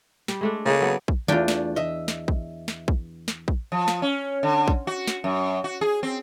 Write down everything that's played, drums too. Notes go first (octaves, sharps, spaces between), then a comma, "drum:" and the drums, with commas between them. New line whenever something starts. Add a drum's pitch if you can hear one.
G3, drum: snare
G#3 A3 D4
C#3 A#3 D4
F#3 B3 D5
drum: kick
E2 E3 A3 D4 F4 G5
drum: snare
D#5 E5
drum: snare
drum: kick
drum: snare
drum: kick
drum: snare
drum: kick
F3
drum: snare
C#4
D3
drum: kick
F#4
drum: snare
F#2
F#4
G#4
C4